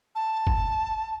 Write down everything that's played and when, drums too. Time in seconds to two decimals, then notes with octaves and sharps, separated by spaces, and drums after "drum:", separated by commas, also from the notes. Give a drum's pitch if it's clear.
0.15 A5
0.47 drum: kick